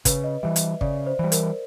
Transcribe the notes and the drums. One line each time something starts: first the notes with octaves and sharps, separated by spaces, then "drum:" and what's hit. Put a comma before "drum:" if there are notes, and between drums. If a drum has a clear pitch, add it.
C#3 B4, drum: kick, hi-hat
D#5
E3 G3 E5
drum: hi-hat
C#3 D5, drum: kick
C5
E3 G3
A#4, drum: hi-hat